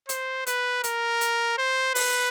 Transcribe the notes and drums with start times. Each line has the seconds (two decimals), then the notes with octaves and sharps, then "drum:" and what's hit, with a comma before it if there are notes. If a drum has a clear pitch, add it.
0.09 C5, drum: hi-hat
0.47 B4, drum: hi-hat
0.84 A#4, drum: hi-hat
1.21 drum: hi-hat
1.58 C5
1.95 B4, drum: open hi-hat